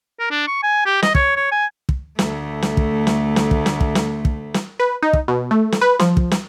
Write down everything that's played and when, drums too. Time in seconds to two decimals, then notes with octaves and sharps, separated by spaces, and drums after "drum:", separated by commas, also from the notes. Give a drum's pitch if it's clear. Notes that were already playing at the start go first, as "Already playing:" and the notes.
0.20 A#4
0.31 D4
0.47 C#6
0.63 G#5
0.86 G4
1.02 D#5, drum: snare
1.15 C#5, drum: kick
1.37 C#5
1.52 G#5
1.89 drum: kick
2.19 D2 A3, drum: snare
2.62 drum: snare
2.77 drum: kick
3.07 drum: snare
3.36 drum: snare
3.51 drum: kick
3.66 drum: snare
3.81 drum: kick
3.95 drum: snare
4.25 drum: kick
4.54 drum: snare
4.80 B4
5.02 D#4
5.13 drum: kick
5.28 B2
5.51 A3
5.72 drum: snare
5.81 B4
5.99 F3, drum: snare
6.17 drum: kick
6.31 drum: snare